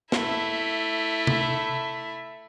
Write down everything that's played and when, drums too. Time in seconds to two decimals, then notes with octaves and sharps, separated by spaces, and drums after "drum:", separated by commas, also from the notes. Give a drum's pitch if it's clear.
0.12 A3 E4, drum: snare
1.27 drum: tom C3